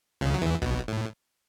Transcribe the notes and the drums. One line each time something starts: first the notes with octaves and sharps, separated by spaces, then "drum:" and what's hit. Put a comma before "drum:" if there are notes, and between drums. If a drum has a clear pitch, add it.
C#2 C#3
F#3
E2 E3
B1 B2, drum: kick
A2